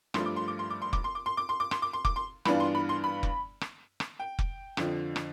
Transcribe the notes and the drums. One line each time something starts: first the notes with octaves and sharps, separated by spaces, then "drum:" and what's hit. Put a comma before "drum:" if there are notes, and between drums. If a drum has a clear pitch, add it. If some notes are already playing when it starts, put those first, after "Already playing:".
G2 F3 A3 D4 C6, drum: rim click
D6
C6
D6
C6
D6
C6
D6, drum: kick F1
C6
D6
C6
D6
C6
D6
C6, drum: rim click
D6
C6
D6, drum: kick F1
C6
G2 E3 B3 D4 F4 B5, drum: rim click
C6
B5
C6
B5
drum: kick F1
drum: rim click
drum: rim click
G5
drum: kick F1
F2 D3 F3, drum: rim click
drum: rim click